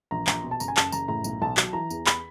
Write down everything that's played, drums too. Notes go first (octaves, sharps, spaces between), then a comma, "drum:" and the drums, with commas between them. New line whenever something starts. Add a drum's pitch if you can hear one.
A#1 A#5
A#1 A#5, drum: clap
B2
A5
F#1 A#5, drum: tambourine
G#5
F#1 A5, drum: clap
F#1 A#5, drum: tambourine
A2 A#5
B1, drum: tambourine
B1 A5
F#3, drum: clap
E3 A#5
E2, drum: tambourine
B5, drum: clap